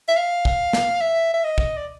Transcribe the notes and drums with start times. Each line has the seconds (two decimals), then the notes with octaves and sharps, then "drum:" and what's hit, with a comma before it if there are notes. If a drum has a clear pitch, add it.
0.08 E5
0.17 F5
0.45 drum: kick
0.73 drum: snare
1.01 E5
1.34 E5
1.44 D#5
1.58 drum: kick
1.77 D5